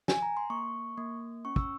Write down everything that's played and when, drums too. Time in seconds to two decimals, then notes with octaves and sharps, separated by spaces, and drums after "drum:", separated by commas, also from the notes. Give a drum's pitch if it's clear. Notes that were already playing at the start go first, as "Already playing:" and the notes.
0.08 G#5, drum: snare
0.22 A#5
0.37 C6
0.50 A#3 C#6
0.98 A#3
1.45 C#4 C#6
1.56 E6, drum: kick